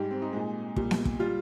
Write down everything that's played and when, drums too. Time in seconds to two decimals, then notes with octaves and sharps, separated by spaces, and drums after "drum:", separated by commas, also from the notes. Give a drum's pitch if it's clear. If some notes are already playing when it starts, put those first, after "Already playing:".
Already playing: G#2 G3 G4
0.11 C4
0.22 D#4
0.33 A#2 G#3
0.76 A#2 G3, drum: kick
0.91 drum: snare B3
1.05 drum: kick
1.19 G3 F4